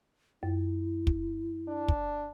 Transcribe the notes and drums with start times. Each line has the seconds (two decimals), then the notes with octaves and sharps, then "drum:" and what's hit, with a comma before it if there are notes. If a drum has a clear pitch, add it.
0.43 F#2 E4
1.07 drum: kick
1.68 D4
1.88 drum: kick